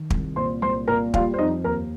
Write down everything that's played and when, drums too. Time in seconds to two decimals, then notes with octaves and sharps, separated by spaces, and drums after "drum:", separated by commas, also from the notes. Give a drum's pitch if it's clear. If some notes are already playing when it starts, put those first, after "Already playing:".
Already playing: D#3
0.10 C2, drum: kick
0.36 A#2 C5 C6
0.62 C2 C5 C6
0.88 A#2 A#4 A#5
1.14 G3 F4 F5, drum: kick
1.34 C5
1.38 F2 D#4 D#5
1.64 D#2 A#4 A#5